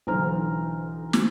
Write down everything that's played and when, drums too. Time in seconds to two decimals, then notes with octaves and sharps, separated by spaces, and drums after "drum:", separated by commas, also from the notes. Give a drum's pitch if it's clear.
0.07 B1 D3 E3 C5 A#5 F6
1.13 drum: snare